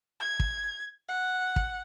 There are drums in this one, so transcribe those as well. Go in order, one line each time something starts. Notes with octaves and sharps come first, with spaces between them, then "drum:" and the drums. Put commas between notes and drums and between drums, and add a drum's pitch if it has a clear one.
G#6
drum: kick
F#5
drum: kick